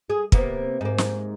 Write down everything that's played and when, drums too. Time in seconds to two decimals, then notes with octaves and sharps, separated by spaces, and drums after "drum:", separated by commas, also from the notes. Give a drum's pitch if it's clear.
0.10 G#4
0.32 C3 A#3 B3, drum: kick
0.81 G#2 A#3
0.98 drum: snare